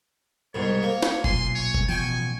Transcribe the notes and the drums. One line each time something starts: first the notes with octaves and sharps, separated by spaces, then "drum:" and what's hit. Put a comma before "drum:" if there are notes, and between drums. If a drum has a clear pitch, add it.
C2 G#2 B2 C#5
A#3
drum: snare
B1 A#2 G#5 C6, drum: kick F#1
C#5
drum: kick F#1
A1 B2 F3 G5 G#5 C#6